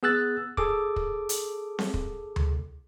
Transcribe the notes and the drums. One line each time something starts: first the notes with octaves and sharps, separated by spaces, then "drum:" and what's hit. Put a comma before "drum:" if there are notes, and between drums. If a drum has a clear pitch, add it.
B3 G#4 E6 F#6 A6
G#4 A4 D6, drum: kick
drum: kick
drum: hi-hat
drum: snare C4
drum: kick
drum: tom D2